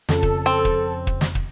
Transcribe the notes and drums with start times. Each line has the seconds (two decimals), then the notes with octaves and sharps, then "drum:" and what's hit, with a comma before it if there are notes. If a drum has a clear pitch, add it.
0.09 F2 C#3 A4, drum: snare
0.23 drum: kick
0.46 C4
0.65 drum: kick
1.07 drum: kick
1.21 drum: snare
1.35 drum: kick